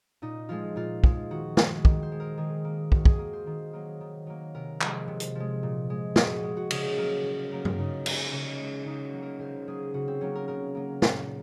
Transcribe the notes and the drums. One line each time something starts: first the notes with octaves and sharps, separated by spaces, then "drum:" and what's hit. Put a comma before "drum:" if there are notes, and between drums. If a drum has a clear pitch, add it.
A#2 D#4
F3 G#3 F4
A#2 F4
F3 G#3, drum: kick
D#3 F#4
G#3, drum: snare
D#3, drum: kick
C5
G#3
A#4
D#3 G#4
A#3
D#3 F#4, drum: kick
G#4, drum: kick
A#3
C5
D#3
F#3 A#3
D#3
F#3 A#3
C3 A#4
F3 G#3, drum: clap
C3
drum: hi-hat
F3 G#3
A#2
G#3
A#2 G#4, drum: snare
F#4
G#3
F#4
C#3 G#4, drum: cymbal
F#3 A#3 A#4
C#3
F#3 A#3 A#4
A#4, drum: tom G2
C#3 D#4
G#3, drum: cymbal
C#3 C#4
G#3
C#3 D#4
F#4
F#3 A#3
A#4
C#3 C5
F#3 A#3 G#4
C#3 F#4
C4
F#3 A#3 C#4
A#4
C#3 A#4
F#3 A#3
A#2, drum: snare